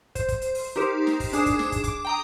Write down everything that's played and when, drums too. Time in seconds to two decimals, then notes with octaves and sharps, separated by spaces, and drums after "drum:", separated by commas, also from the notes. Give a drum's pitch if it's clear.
0.15 C5, drum: kick, hi-hat
0.28 drum: kick, hi-hat
0.41 drum: hi-hat
0.55 drum: open hi-hat
0.76 D#4 G4 A#4 C5
1.07 drum: snare
1.20 drum: kick, open hi-hat
1.33 D4 G#4 D6 C7 E7, drum: hi-hat
1.46 drum: kick, hi-hat
1.59 drum: snare
1.72 drum: kick, hi-hat
1.84 D6, drum: kick, hi-hat
2.05 G5 A#5 D#6